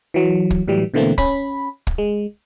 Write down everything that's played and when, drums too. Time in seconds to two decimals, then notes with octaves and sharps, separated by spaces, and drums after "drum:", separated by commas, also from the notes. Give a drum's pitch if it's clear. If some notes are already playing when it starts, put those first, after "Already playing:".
0.14 E3 F#3
0.50 drum: kick
0.68 A2 E3 F#3 G3
0.94 B2 D3 E3 A3 A#3 C4
1.18 C#4 B5, drum: kick
1.87 drum: kick
1.98 G#3